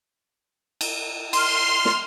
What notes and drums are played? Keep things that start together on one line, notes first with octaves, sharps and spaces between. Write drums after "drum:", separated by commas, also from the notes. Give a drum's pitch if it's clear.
drum: cymbal
C6 F6, drum: cymbal
drum: snare